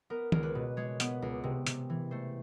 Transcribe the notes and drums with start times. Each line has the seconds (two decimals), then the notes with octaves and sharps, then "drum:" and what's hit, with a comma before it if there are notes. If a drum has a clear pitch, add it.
0.10 B3 A#4
0.32 C#2 A#4, drum: tom D#3
0.43 B4
0.55 B2
0.77 G#3 C#5
1.00 B3, drum: hi-hat
1.22 C#2
1.44 C3
1.67 C3, drum: hi-hat
1.90 E3
2.11 A3 C5